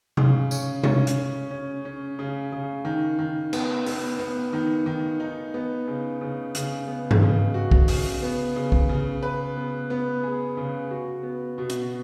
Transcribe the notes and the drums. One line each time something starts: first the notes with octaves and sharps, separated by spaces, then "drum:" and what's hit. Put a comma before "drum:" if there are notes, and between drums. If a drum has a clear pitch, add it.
C#3, drum: tom C3
C#4, drum: tambourine
C#4, drum: tom C3
drum: hi-hat
C#4
C#4
C#4
C#3
C#3
D#3
D#3
B3, drum: cymbal
B3, drum: open hi-hat
B3
D#3
D#3
D#4
B3
C#3
C#3
C#3, drum: hi-hat
B3
drum: tom G2
C#3
F#4
drum: kick
C#3, drum: open hi-hat
B3
C#3
drum: kick
C#3
B4
B3
B3
G#4
C#3
F#4
B3
B2
drum: hi-hat